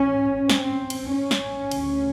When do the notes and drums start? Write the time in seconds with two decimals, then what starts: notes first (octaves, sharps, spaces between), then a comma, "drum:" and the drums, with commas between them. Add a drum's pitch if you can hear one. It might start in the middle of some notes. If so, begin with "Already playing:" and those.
Already playing: C#4
0.49 C4, drum: snare
0.90 drum: cymbal
1.10 C#4
1.31 drum: snare
1.71 D2 C#3, drum: cymbal